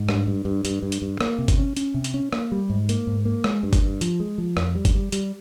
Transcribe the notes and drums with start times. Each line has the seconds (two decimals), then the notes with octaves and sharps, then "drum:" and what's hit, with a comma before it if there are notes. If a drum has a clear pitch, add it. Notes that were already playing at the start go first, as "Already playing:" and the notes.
Already playing: G#2
0.09 G2, drum: rim click
0.27 G2
0.45 G2
0.65 G2, drum: hi-hat
0.82 G2
0.92 drum: hi-hat
1.02 G2
1.21 A#3, drum: rim click
1.38 C3
1.48 drum: kick G1, hi-hat
1.58 C#4
1.77 C#4, drum: hi-hat
1.94 C3
2.04 drum: hi-hat
2.14 C#4
2.33 A#3, drum: rim click
2.52 G3
2.70 G#2
2.89 A#3, drum: hi-hat
3.07 G#2
3.25 A#3
3.44 G#3, drum: rim click
3.63 G2
3.73 drum: kick G1, hi-hat
3.83 G2
4.01 F3, drum: hi-hat
4.20 G#3
4.38 F3
4.57 F2, drum: rim click
4.75 G3
4.85 drum: kick G1, hi-hat
4.95 G3
5.12 G3, drum: hi-hat